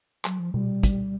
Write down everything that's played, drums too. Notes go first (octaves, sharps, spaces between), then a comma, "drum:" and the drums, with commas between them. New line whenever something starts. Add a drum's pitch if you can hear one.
F#3, drum: clap
F3
G3, drum: tom B2
drum: kick, hi-hat